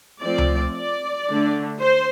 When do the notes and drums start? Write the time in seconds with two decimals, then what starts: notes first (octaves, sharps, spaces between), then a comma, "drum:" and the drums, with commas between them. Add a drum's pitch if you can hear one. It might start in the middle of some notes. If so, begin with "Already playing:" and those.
0.21 F3 A3 C4 D5
0.38 drum: tom C#2
0.74 D5
1.27 D3 A3 D4
1.80 C5